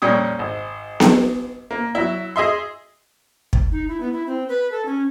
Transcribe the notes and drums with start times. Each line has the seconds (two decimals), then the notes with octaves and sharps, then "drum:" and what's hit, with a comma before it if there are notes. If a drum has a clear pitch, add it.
0.02 F2 A#2 G3 C#4 D#6
0.39 G#1
1.00 drum: snare B3
1.71 A#3
1.95 F#3 E4
2.36 G#4 D#5 E5 C6
3.53 drum: kick
3.72 D#4
3.88 E4
4.00 B3
4.13 E4
4.27 C4
4.49 B4
4.72 A4
4.86 C#4